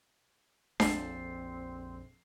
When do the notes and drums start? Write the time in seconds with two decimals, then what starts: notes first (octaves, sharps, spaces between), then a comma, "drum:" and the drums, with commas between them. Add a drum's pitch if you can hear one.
0.80 A#1 F2 C4 A4 C7, drum: snare D4